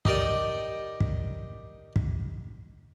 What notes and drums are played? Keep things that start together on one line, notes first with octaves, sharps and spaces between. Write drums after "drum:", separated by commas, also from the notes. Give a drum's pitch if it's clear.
D#4 G4 A#4 D5 D#5, drum: kick
drum: kick
drum: kick